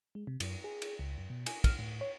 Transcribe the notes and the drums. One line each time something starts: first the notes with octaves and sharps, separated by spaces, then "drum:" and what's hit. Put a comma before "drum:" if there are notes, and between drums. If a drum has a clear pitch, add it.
G#3
C3
F#2, drum: cymbal
G#4
drum: cymbal
C#2
F#2
B2
G#5, drum: cymbal
F6, drum: kick, cymbal
A2
C#5